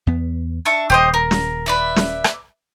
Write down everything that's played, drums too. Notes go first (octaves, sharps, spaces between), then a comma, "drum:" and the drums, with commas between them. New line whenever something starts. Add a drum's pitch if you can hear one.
E2 B3
D4 E5 C#6
D#1 G4 C5 D#5
A#4
drum: snare
B4 D5 E5
drum: snare
drum: rim click